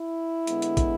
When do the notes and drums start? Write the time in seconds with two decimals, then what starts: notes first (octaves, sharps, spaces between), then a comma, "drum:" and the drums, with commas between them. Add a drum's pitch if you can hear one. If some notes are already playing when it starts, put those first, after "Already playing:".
Already playing: E4
0.47 D3 G#3 B3, drum: hi-hat
0.62 drum: hi-hat
0.77 drum: kick, hi-hat